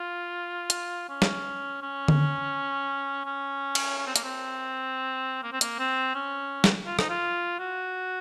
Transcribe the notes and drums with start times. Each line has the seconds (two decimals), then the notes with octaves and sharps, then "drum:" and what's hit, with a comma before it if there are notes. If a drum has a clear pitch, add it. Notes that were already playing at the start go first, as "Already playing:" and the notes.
Already playing: F4
0.70 drum: hi-hat
1.09 C#4
1.22 drum: snare
1.82 C#4
2.08 drum: tom D3
3.26 C#4
3.75 drum: cymbal
3.98 C#4
4.07 C4
4.16 A#3, drum: hi-hat
4.24 C4
5.43 A#3
5.52 C4
5.61 A#3, drum: hi-hat
5.79 C4
6.15 C#4
6.64 drum: snare
6.86 F4
6.99 D#4, drum: rim click
7.10 F4
7.59 F#4